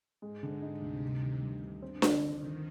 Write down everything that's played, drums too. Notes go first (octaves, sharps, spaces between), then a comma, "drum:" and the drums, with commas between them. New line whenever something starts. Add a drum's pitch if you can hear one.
G#2 G#3
D3
C3 D#4
D2
G3
D#3
G2
G2
D3 C4
F3, drum: snare D4
D#3 D#4
D3